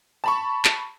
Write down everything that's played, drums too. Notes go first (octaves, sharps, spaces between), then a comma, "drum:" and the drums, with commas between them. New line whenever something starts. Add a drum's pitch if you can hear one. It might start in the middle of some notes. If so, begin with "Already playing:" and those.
A5 B5 C#6
drum: clap